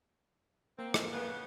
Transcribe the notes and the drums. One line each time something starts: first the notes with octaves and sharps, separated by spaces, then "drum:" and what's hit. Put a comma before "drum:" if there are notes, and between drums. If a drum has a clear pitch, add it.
A#3 C4
drum: rim click
C#3 F3 B3